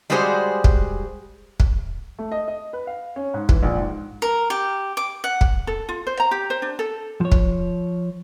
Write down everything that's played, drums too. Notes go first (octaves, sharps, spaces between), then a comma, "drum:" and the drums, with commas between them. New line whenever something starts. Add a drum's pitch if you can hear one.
G3 G#3 F#4 G#4 A4 C5
drum: kick
drum: kick
A3
D#5
D#5
B4
F5
C#4
G#2
E3, drum: kick
A#1
G#2
A#4
G4
D6
F#5
drum: kick
A4
F4
C5
A#5
G4
C5
D4
A4
F3 C#5
drum: kick